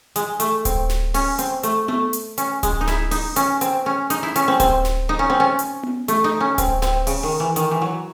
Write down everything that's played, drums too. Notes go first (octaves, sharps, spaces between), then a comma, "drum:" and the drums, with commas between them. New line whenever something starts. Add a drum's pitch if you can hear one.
G#3, drum: hi-hat
A3, drum: hi-hat
C4, drum: kick D1, hi-hat
drum: snare
C#4, drum: open hi-hat
C4, drum: hi-hat
A3, drum: hi-hat
A3, drum: tom B3
drum: hi-hat
C#4, drum: hi-hat
G#3, drum: kick D1, hi-hat
D#4
E4, drum: snare
D#4, drum: open hi-hat
C#4, drum: hi-hat
C4, drum: hi-hat
C#4
D#4, drum: hi-hat
E4
C#4, drum: hi-hat
C4
C4, drum: kick D1, hi-hat
drum: snare
D#4
C#4
C4
C#4
drum: hi-hat
drum: tom B3
A3, drum: hi-hat
D#4
C#4
C4, drum: kick D1, hi-hat
C4, drum: snare
C#3, drum: open hi-hat
D#3
E3
D#3, drum: hi-hat
E3
F#3